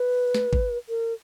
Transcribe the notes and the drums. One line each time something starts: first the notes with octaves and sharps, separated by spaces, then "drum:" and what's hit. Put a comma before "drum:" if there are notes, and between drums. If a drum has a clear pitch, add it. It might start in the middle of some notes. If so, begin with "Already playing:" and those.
Already playing: B4
drum: snare
drum: kick G#1
A#4